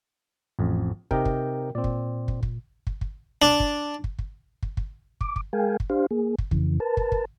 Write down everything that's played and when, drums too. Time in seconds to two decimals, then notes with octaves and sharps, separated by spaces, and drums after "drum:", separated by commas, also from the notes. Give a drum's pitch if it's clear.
0.59 A1 F2
1.11 C3 D#4 G4 A#4 G5, drum: kick
1.25 drum: kick
1.75 A#2 C4 D5
1.84 drum: kick
2.28 drum: kick
2.43 drum: kick
2.87 drum: kick
3.01 drum: kick
3.42 D4
3.60 drum: kick
4.04 drum: kick
4.19 drum: kick
4.63 drum: kick
4.77 drum: kick
5.21 D6, drum: kick
5.36 drum: kick
5.53 G#3 G#4 A#4 F5 G5 G#5
5.80 drum: kick
5.90 D4 G4 C5 F5
6.11 A#3 G#4
6.38 drum: kick
6.51 F2 C#3 E3, drum: kick
6.80 A#4 B4 A5
6.97 drum: kick
7.12 drum: kick